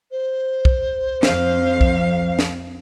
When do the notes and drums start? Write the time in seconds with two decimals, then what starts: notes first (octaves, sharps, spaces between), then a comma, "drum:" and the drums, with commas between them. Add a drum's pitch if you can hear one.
0.11 C5
0.65 drum: kick
1.23 F2 F5, drum: snare
1.81 drum: kick
2.39 drum: snare